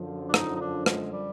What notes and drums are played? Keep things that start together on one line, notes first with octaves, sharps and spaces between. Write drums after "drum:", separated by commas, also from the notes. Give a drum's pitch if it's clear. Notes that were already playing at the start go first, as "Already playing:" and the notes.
Already playing: F#2 D3 F3
D4
D#4, drum: rim click
D#4
D4
G#3, drum: rim click
G3